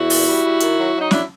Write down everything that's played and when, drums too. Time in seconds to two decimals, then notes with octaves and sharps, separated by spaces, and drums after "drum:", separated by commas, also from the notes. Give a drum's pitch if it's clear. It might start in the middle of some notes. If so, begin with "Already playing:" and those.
Already playing: E2 E4 F#4
0.10 A#2, drum: open hi-hat
0.27 G3
0.43 G3
0.60 D#3, drum: hi-hat
0.77 F#3
0.95 F#3
1.01 D#4
1.11 D4 E4, drum: snare